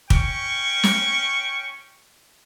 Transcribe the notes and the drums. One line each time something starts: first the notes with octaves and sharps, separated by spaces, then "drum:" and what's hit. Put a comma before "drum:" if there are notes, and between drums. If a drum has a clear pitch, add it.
C#4 G5 C#6, drum: kick
drum: snare